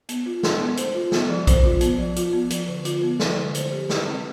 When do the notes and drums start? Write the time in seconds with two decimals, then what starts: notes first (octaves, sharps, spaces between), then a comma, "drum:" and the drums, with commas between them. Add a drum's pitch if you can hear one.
0.09 B3, drum: hi-hat
0.26 F4
0.43 D4, drum: snare
0.60 B3
0.77 C5, drum: hi-hat
0.95 F4
1.12 B3, drum: snare
1.29 F3
1.47 C5, drum: kick A#1, hi-hat
1.65 F4
1.81 B3, drum: hi-hat
1.99 F3
2.16 F4, drum: hi-hat
2.33 B3
2.50 F3, drum: hi-hat
2.68 D3
2.85 F4, drum: hi-hat
3.03 B3
3.20 F3, drum: snare
3.37 D3
3.55 C5, drum: hi-hat
3.72 G4
3.90 E4, drum: snare
4.06 C4